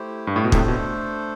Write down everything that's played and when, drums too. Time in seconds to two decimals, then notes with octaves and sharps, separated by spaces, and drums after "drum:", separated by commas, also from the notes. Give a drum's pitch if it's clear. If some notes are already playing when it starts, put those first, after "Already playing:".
Already playing: A3 E4 G4 C5
0.27 G2
0.36 A2
0.44 B2
0.52 A2 C3 A3 D4 A4 C5, drum: kick
0.68 B2